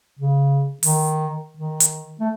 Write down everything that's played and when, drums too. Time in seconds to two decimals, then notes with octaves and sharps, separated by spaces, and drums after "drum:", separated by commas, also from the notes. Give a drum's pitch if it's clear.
0.19 C#3
0.83 D#3, drum: open hi-hat
1.57 D#3
1.80 drum: hi-hat
2.20 A3